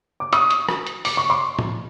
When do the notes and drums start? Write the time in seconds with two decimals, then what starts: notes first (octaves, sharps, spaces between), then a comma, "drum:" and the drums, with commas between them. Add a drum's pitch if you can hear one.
0.20 D6
0.33 C#6 D#6, drum: hi-hat
0.51 drum: hi-hat
0.69 drum: rim click
0.87 drum: hi-hat
1.05 D6, drum: open hi-hat
1.17 C#6
1.30 C6 D6
1.59 drum: tom A2